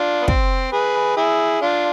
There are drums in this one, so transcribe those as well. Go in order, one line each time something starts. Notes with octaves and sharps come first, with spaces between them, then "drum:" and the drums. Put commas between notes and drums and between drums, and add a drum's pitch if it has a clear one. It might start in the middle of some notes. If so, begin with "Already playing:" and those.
Already playing: D4 F4
B3
C4, drum: kick
G#4 B4
E4 G#4
D4 F4